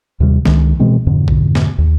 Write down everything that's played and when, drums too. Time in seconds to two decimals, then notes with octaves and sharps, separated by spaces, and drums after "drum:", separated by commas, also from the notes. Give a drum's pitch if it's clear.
0.20 D#2 C3 G3
0.45 C#2 D#3 G#3, drum: snare
0.80 B2 E3 G#3 C4
1.07 F2 G#2 B2 D3
1.28 drum: kick A#1
1.55 drum: snare
1.78 D#2